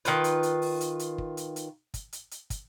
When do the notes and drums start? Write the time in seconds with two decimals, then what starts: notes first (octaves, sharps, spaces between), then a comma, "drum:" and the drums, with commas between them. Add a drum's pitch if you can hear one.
0.05 D#3 F4 B4, drum: hi-hat
0.24 drum: hi-hat
0.43 drum: hi-hat
0.62 drum: open hi-hat
0.81 drum: hi-hat
0.99 drum: hi-hat
1.18 drum: kick
1.37 drum: hi-hat
1.56 drum: hi-hat
1.94 drum: kick, hi-hat
2.13 drum: hi-hat
2.31 drum: hi-hat
2.50 drum: kick, hi-hat